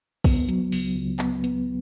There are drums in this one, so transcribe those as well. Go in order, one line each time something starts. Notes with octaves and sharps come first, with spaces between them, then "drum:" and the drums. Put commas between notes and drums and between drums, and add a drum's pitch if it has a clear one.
B3, drum: kick, open hi-hat
F#3, drum: hi-hat
C#2, drum: open hi-hat
C#2
B3, drum: clap
B3, drum: hi-hat